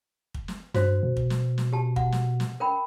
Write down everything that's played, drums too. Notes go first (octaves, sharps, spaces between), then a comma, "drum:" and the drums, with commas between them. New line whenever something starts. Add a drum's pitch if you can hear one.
drum: kick
drum: snare
G2 F#4 C5, drum: snare
B2
drum: kick
drum: snare
drum: snare
G4 A5
F#5, drum: kick
drum: snare
drum: snare
A#4 G5 B5